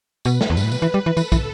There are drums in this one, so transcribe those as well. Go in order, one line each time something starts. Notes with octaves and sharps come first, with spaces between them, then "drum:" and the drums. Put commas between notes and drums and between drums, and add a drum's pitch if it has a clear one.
B2 B4, drum: tambourine
drum: snare
E2
G2, drum: tambourine
A2
B2, drum: tambourine
E3
G3
E3
E3 A4, drum: tambourine
E3, drum: kick, tambourine